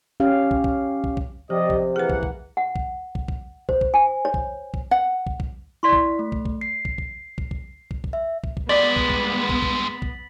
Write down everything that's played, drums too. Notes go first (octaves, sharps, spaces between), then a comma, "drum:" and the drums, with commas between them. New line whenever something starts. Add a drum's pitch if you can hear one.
C#4 G4 F5
drum: kick
drum: kick
drum: kick
drum: kick
C3 F3 G4 D5 D#5
drum: kick
E3 A#3 G#4 B4 F#5
drum: kick
drum: kick
F#5
drum: kick
drum: kick
drum: kick
C5, drum: kick
drum: kick
G#5
C#5
drum: kick
drum: kick
F#5
drum: kick
drum: kick
E4 D5 C6 C#6 B6
drum: kick
A3
drum: kick
drum: kick
C7
drum: kick
drum: kick
drum: kick
drum: kick
drum: kick
drum: kick
E5
drum: kick
drum: kick
G2 G#3 B3 D5 A6 B6 F#7
drum: kick
drum: kick
drum: kick
drum: kick
drum: kick